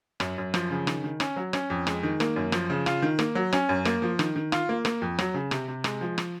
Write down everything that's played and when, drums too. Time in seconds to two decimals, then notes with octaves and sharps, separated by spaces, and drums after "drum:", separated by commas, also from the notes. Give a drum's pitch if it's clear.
0.20 F#2, drum: rim click
0.38 F#2
0.54 F3, drum: rim click
0.70 C#3
0.87 D#3, drum: rim click
1.04 D#3
1.20 C#4, drum: rim click
1.36 F#3
1.53 C#4, drum: rim click
1.70 F2
1.87 G#3, drum: rim click
2.03 D#3
2.20 A#3, drum: rim click
2.36 F#2
2.52 F3, drum: rim click
2.70 C#3
2.86 F4, drum: rim click
3.02 D#3
3.19 A#3, drum: rim click
3.35 F#3
3.53 C#4, drum: rim click
3.69 F#2
3.85 A#3, drum: rim click
4.02 F3
4.19 D#3, drum: rim click
4.36 D#3
4.52 F4, drum: rim click
4.69 A#3
4.85 A#3, drum: rim click
5.02 F2
5.19 F#3, drum: rim click
5.34 C#3
5.51 C3, drum: rim click
5.68 C3
5.84 G#3, drum: rim click
6.01 F3
6.18 drum: rim click